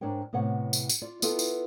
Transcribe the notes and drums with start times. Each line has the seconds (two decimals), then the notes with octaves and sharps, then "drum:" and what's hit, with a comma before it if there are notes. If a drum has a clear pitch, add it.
0.01 G#2 D4 A#4 C#5 G5
0.33 A2 C3 B3 C#5 F#5
0.73 drum: tambourine
0.89 drum: tambourine
1.02 F4 D5
1.22 B3 E4 F4 A4 B4, drum: tambourine
1.39 drum: tambourine